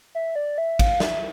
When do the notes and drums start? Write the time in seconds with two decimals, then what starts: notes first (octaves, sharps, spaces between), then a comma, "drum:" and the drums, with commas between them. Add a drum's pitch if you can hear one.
0.15 E5
0.35 D5
0.58 E5
0.79 F5, drum: kick G#1, cymbal
1.00 E5, drum: snare